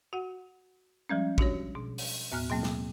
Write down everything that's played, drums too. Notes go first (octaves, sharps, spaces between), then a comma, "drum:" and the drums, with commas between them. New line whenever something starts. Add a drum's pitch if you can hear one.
F#4 F#5
F3 G3 G#3 C#4
D4 F#4 G4 C#5, drum: kick
B2
drum: open hi-hat
D#2 A2 B3 F6 F#6
B2 F#3 A#3 C4
drum: snare